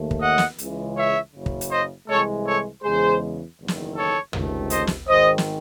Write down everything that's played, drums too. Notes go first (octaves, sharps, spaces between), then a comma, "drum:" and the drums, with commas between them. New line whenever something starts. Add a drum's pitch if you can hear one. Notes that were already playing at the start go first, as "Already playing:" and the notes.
Already playing: D#2 D#3 A3
drum: kick
D#5 F#5
drum: snare
C#2 C#3 E3 G#3, drum: hi-hat
C#5 E5
F#1 F#2 C#3
drum: kick
drum: hi-hat
C5 D#5
C2 C3 E3 G#3 A4 C#5
A4 C#5
E2 C#3 G#3 G#4 C5
F#1 E2 D#3
drum: snare
A4 C#5
C#2 C3 D#3 A3, drum: tom
C5 D#5, drum: hi-hat
drum: snare
G#1 G#2 D#3 G#3 C5 D#5
drum: snare